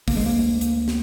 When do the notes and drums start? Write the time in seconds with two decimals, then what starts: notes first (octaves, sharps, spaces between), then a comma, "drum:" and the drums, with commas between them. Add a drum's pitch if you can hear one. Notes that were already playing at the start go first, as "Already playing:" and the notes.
0.08 D2 D3 A#3, drum: kick, open hi-hat
0.17 G#3
0.26 A#3
0.61 drum: hi-hat
0.88 drum: snare